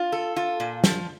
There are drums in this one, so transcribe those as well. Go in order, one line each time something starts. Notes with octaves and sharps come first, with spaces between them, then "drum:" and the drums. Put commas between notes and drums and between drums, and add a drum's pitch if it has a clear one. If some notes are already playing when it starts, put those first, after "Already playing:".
Already playing: F4
A4
F4
A#2
F3, drum: snare